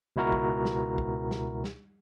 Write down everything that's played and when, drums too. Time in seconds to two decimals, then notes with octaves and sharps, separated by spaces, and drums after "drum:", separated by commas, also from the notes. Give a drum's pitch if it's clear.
0.16 C#2 B2 E4 F#4 A#4 A#5
0.32 drum: kick
0.65 drum: snare
0.98 drum: kick
1.31 drum: snare
1.64 drum: snare